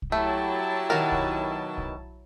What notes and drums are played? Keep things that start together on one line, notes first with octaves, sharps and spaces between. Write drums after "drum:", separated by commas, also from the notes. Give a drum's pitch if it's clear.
drum: kick
F#3 A3 E4 G4 A5
B2 D#3 F#4 A#4
drum: kick
drum: kick